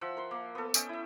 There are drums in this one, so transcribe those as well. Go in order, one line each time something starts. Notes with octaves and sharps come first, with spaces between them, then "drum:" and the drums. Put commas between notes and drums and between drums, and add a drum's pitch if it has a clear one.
F3 E5 F#5 E6
A#4 C6
A#3
B3 A4
C#4 D#5 E5 G5, drum: tambourine
E4 E5